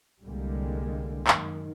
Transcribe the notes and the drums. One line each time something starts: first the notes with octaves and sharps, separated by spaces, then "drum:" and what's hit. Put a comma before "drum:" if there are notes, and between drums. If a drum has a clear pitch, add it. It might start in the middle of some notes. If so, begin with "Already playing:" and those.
C2 D3 G3 G#3 A#3
F#2 D#3, drum: clap